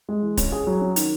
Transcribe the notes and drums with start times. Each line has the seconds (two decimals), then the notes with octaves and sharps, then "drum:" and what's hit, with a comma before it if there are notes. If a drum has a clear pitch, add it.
0.09 G#3
0.22 E3
0.37 C#4, drum: kick D1, hi-hat
0.52 G#4
0.67 F#3
0.81 C#4
0.96 D#3, drum: hi-hat